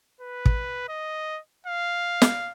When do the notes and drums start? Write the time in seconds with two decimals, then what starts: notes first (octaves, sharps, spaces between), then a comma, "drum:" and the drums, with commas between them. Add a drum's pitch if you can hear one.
0.21 B4
0.46 drum: kick
0.89 D#5
1.67 F5
2.22 drum: snare